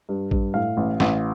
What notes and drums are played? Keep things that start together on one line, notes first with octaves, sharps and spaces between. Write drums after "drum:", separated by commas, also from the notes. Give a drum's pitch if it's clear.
G2
G2, drum: kick A1
A2 F5
A1
A1, drum: snare